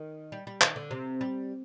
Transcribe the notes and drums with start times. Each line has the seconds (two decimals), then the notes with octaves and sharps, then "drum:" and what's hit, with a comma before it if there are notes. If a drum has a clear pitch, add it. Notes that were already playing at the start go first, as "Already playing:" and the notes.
Already playing: D#3
0.32 G3
0.47 G3
0.61 D#3, drum: clap
0.76 D3
0.91 C3
1.21 G3